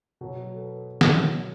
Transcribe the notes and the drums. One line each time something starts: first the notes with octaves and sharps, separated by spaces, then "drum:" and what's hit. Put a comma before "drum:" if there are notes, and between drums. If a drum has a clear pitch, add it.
B2 F#3 B3
A4
B4
B2 F#3 B3 B4, drum: snare